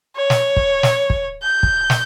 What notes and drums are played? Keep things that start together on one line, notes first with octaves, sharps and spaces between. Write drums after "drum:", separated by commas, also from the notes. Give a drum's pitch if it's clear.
C#5
drum: snare
drum: kick
drum: snare
drum: kick
G6
drum: kick
drum: snare